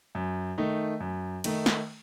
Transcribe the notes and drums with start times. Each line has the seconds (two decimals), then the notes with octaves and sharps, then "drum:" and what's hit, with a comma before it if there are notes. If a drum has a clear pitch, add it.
0.15 F#2
0.58 D#3 A3 D#4
1.00 F#2
1.44 D#3 A3 D#4, drum: cymbal
1.66 drum: snare